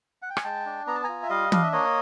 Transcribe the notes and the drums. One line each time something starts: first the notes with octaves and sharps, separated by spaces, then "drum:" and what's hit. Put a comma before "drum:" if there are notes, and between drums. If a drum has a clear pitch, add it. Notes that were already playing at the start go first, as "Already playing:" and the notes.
F#5
G5
G#5, drum: rim click
G#3 G5 A5
D4
B3 A#5
A5
F4 G#5 A#5
E5
G3 D#5 F5
D4 F5, drum: tom
E5
A#3 C#5 D#5